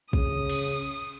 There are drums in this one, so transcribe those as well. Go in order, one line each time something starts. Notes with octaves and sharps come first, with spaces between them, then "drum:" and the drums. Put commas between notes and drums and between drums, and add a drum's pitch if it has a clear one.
C#3 D#6, drum: kick
drum: cymbal